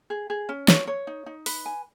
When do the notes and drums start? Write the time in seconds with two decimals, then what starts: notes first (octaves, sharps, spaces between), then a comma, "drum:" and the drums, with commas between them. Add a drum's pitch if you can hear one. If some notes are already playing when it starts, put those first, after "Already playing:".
0.10 G#4
0.30 G#4
0.49 C#4
0.68 C#5, drum: snare
0.87 C#5
1.07 D#4
1.26 D#4
1.46 B4, drum: open hi-hat
1.66 G#5